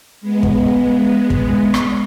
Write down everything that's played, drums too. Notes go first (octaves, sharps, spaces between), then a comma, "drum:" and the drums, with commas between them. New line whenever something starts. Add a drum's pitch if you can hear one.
G#3 B3
drum: kick
drum: kick
drum: rim click